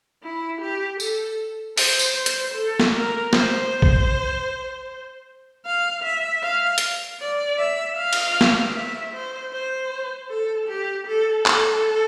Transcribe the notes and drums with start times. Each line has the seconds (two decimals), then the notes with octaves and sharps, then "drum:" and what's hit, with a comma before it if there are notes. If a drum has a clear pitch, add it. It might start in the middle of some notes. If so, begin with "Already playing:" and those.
0.23 E4
0.61 G4
1.00 A4, drum: tambourine
1.78 C5, drum: open hi-hat
1.99 drum: tambourine
2.16 C5
2.26 drum: hi-hat
2.54 A4
2.80 drum: snare
2.93 A#4
3.33 C5, drum: snare
3.82 drum: kick
5.65 F5
6.03 E5
6.43 F5
6.78 drum: hi-hat
7.20 D5
7.59 E5
7.97 F5
8.13 drum: cymbal
8.41 drum: snare
8.75 E5
9.13 C5
9.53 C5
10.30 A4
10.68 G4
11.07 A4
11.46 A4, drum: clap